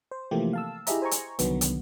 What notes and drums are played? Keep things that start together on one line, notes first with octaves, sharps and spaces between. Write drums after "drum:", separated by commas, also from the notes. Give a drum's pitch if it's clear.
C5
C3 E3 F3 A3 A#3 G4
F5 A5 E6
E4 G4 G#4 D#5 E5 A#5, drum: hi-hat
C5 G#5 A#5 C#6
drum: hi-hat
C2 D3 D#3 F#3 B3, drum: hi-hat
drum: hi-hat